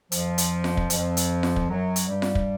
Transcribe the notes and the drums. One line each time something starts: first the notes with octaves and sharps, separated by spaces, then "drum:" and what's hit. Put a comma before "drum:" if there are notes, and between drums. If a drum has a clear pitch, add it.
F2 F3, drum: hi-hat
drum: hi-hat
drum: snare F4
drum: kick
F2 F3, drum: hi-hat
drum: hi-hat
drum: snare F4
drum: kick
F#2 F#3
drum: hi-hat
G2 G3
drum: snare F4
drum: kick